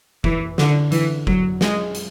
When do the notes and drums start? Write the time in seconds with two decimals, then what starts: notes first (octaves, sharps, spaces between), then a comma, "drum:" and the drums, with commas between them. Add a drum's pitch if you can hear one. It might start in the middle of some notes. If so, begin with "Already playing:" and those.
0.24 E3, drum: kick F1
0.58 D3, drum: snare
0.92 E3, drum: hi-hat
1.27 F#3, drum: kick F1
1.61 G#3, drum: snare
1.95 drum: hi-hat